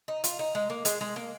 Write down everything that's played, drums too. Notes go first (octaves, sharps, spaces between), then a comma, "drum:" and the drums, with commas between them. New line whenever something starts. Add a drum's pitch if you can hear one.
D#4
F4, drum: hi-hat
D#4
G#3
A#3
G#3, drum: hi-hat
G#3
A#3